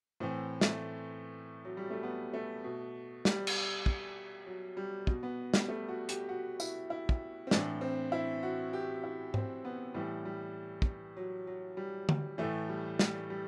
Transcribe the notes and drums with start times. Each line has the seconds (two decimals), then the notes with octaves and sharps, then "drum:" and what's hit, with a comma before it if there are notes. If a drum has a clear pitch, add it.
0.20 A2 E3 C4
0.61 A3, drum: snare
1.65 F#3
1.77 G3
1.90 A3
2.03 B3
2.34 A3
2.64 B2
3.25 G3, drum: snare
3.47 drum: cymbal
3.86 drum: kick
4.46 F#3
4.77 G3
5.07 B2, drum: kick
5.23 B3
5.54 G3, drum: snare
5.68 A3
5.89 F#4
6.09 G4, drum: hi-hat
6.29 F#4
6.60 E4, drum: tambourine
6.90 E4
7.09 drum: kick
7.47 C4
7.51 A2 E3 D4, drum: snare
7.81 C4
8.12 E4
8.43 F#4
8.73 G4
9.04 E4
9.34 C4, drum: tom G#2
9.65 B3
9.94 A2 E3 G3
10.25 G3
10.82 drum: kick
11.17 F#3
11.47 F#3
11.77 G3
12.09 drum: tom
12.38 A2 E3 A3
12.69 G3
12.99 G3, drum: snare
13.30 G3